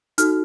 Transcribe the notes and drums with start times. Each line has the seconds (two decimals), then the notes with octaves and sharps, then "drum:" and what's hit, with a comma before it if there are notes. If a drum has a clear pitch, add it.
0.18 D#4 F#4 A4 F6, drum: hi-hat